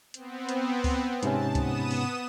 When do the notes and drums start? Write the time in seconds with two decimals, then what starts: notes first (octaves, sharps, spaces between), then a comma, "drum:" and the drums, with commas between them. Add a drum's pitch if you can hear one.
0.14 B3 C4, drum: hi-hat
0.49 drum: hi-hat
0.84 drum: kick C#2, open hi-hat
1.23 G#2 C3 C#4 A5, drum: hi-hat
1.55 B3 D#6 E7, drum: kick C#2, hi-hat
1.91 drum: open hi-hat